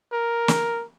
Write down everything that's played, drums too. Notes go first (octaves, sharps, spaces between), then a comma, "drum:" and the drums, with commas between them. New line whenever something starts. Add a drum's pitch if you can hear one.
A#4
drum: snare